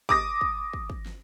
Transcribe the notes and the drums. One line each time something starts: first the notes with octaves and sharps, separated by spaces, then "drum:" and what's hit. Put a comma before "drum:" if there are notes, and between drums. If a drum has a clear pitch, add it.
D6 D#6 A#6, drum: kick
drum: kick
drum: kick
drum: kick
drum: snare